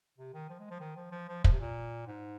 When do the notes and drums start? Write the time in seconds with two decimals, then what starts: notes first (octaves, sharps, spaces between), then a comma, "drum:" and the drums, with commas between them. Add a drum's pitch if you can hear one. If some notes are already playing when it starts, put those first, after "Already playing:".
0.18 C3
0.34 D#3
0.50 F3
0.59 G#3
0.70 F3
0.80 D#3
0.96 F3
1.12 F3
1.28 F3
1.44 F3, drum: kick
1.52 C3
1.60 A#2
2.07 G#2